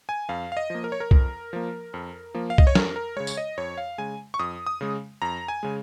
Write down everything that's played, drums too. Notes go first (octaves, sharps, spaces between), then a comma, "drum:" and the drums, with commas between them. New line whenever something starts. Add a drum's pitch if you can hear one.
G#5
F2 F5
F5
D#5
F3 A#3
A#4
C#5
A#4
F2, drum: kick C2
F3 A#3
F2
F3 A#3
F5
D#5, drum: kick C2
C#5
F2 A#4, drum: snare
A#4
C#3 G#3 C#5
drum: tambourine
D#5
F2 C#5
F5
C#3 G#3 G#5
C#6
F2 D#6
D#6
C#3 G#3
F2 A#5
G#5
C#3 G#3